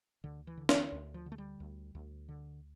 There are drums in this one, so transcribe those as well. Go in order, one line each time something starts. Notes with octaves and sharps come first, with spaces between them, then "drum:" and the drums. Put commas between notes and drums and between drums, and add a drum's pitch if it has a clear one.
D2 D3
E3
D3
E3, drum: snare
D2
F3
D3
A3
G3
D2
D2
D3